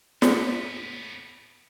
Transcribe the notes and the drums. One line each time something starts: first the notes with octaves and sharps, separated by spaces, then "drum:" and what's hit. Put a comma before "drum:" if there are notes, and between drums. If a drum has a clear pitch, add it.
A2 B3, drum: snare